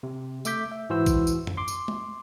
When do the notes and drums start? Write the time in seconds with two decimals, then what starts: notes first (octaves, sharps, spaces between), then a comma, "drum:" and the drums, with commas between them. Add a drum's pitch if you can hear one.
0.03 C3
0.45 A3 E5 D6 G6 B6, drum: tambourine
0.72 E5
0.89 G#2 E3 E4 F#4 C5 E6
1.06 drum: kick, tambourine
1.27 drum: tambourine
1.47 drum: tom F#2
1.57 C6 D6
1.68 drum: tambourine
1.88 drum: tom